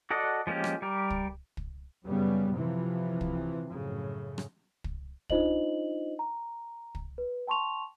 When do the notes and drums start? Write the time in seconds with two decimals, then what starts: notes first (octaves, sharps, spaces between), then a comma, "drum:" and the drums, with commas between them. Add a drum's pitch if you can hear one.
0.11 F#4 A4 D5 D#5 F#5
0.47 F3 G#3 A#3 C#4 G4
0.64 drum: rim click
0.82 G3 G4 A#4
1.11 drum: kick
1.57 drum: kick
2.04 F#2 C#3 G3 B3
2.54 C3 E3 F3
3.21 drum: kick
3.71 F#2 A2 C#3
4.38 drum: rim click
4.84 drum: kick
5.30 D4 D#4 F4 C5 D#5 F#7, drum: kick
6.19 A#5
6.95 drum: kick
7.18 B4
7.47 G5 A5 C6 C#6 F7